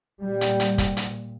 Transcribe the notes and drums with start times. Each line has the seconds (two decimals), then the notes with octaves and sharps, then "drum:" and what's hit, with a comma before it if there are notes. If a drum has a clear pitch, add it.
0.23 A#2 G3
0.41 drum: hi-hat
0.60 drum: hi-hat
0.78 drum: kick, hi-hat
0.97 drum: hi-hat